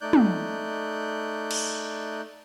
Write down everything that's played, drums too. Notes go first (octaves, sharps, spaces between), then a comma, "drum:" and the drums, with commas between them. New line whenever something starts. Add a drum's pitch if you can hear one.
A3 D#4 D5 F#6 G6
drum: tom
drum: cymbal